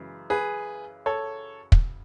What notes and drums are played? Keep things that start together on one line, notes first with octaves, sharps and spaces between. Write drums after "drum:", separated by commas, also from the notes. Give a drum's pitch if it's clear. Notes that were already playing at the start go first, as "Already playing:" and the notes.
Already playing: F#2 C#3 E3 G#3
G#4 B4
A4 C#5
drum: kick